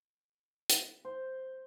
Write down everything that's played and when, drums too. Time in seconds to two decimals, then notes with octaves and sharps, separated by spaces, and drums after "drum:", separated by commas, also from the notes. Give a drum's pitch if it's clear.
0.70 drum: hi-hat
1.05 C5